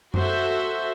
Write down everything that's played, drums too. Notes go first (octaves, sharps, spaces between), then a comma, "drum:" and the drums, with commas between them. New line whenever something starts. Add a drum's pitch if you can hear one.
F#4 A4 C5 E5, drum: tom F#2